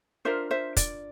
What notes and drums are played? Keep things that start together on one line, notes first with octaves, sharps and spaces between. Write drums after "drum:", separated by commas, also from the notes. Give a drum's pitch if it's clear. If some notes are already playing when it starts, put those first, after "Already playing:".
D4 F4 A#4 C5 E5
C5 E5
D5, drum: kick, hi-hat